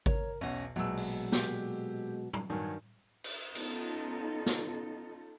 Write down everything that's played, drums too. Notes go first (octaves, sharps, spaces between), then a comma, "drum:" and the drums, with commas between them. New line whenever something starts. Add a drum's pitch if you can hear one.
A#4 C#5, drum: kick G#1
B1 E2 C#4 F#5 A#6
A#1 B2 F#3 G#3 E6
drum: open hi-hat
A#2 G4, drum: snare
drum: tom
G2 D#3 F#3 G#5
drum: cymbal
B3 C#4 D#4 F4 A4, drum: cymbal
drum: snare